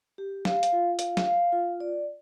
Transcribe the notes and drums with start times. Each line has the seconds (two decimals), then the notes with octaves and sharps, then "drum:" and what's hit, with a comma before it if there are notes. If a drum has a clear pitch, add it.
0.18 G4
0.45 F5, drum: snare
0.63 drum: hi-hat
0.73 F4
0.99 F5, drum: hi-hat
1.17 drum: snare
1.27 F5
1.53 F4
1.80 D5